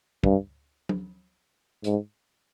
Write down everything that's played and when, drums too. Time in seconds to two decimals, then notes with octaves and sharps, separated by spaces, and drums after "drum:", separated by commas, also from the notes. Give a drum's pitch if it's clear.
0.24 G2, drum: kick
0.89 drum: tom F#3
1.84 G#2, drum: hi-hat